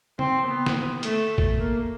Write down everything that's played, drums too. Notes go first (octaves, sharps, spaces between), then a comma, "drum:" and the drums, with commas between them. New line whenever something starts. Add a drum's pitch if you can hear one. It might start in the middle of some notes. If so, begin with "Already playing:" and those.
C4, drum: tom C#3
B3
drum: snare
A3, drum: hi-hat
drum: kick
A#3